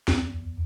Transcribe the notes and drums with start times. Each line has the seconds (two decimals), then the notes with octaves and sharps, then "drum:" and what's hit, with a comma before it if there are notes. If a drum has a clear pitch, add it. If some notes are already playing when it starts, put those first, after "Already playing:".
0.08 E2, drum: snare